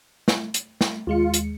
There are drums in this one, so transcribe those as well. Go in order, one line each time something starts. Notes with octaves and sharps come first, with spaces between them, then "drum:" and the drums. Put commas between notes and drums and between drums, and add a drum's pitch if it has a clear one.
drum: snare
drum: hi-hat
drum: snare
D#2 G#3 F4 C#7
drum: hi-hat